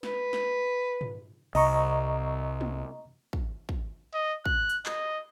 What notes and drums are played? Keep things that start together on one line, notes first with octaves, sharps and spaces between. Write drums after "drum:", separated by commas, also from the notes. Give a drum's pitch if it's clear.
B4, drum: snare
drum: snare
drum: tom
C2 D#5 A#5 C#6, drum: open hi-hat
drum: tom
drum: kick
drum: kick
D#5
F#6, drum: kick
drum: hi-hat
D#5, drum: clap